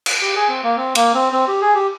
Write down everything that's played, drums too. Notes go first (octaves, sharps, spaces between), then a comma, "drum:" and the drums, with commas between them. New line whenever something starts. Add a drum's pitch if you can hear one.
drum: cymbal
G4
G#4
C4
A#3
C4
A#3, drum: cymbal
C4
C4
G4
G#4
G4